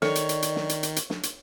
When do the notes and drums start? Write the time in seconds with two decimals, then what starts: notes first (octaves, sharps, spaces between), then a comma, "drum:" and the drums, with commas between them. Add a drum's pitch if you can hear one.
0.02 D#3 A4 C#5 D5, drum: snare
0.15 drum: hi-hat
0.29 drum: hi-hat
0.42 drum: hi-hat
0.56 drum: snare
0.69 drum: hi-hat
0.83 drum: hi-hat
0.96 drum: hi-hat
1.10 drum: snare
1.23 drum: hi-hat